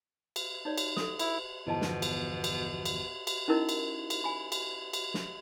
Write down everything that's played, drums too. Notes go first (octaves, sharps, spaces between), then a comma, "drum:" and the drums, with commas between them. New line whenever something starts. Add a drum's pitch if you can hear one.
drum: cymbal
D#4 C#5 D5
drum: cymbal
A4 D#6, drum: snare
E4, drum: cymbal
G1 E2 B2 F3 E4 D#5 A5
drum: snare
drum: cymbal
drum: cymbal
drum: cymbal
drum: cymbal
C#4 D#4 E4 A#4 D#5
drum: cymbal
drum: cymbal
G#5 B5
drum: cymbal
drum: cymbal
drum: snare